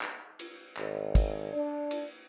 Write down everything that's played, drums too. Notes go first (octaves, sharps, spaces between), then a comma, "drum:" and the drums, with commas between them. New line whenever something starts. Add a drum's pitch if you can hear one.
drum: clap
drum: cymbal
G#1, drum: clap
drum: kick, cymbal
D4
drum: cymbal